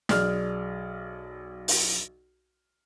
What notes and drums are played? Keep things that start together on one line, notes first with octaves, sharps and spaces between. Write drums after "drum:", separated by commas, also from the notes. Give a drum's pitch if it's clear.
B1 G#4 D5 F6, drum: snare
drum: open hi-hat